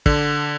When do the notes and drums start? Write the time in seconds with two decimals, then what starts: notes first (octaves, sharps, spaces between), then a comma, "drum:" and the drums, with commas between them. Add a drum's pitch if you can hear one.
0.06 D3, drum: kick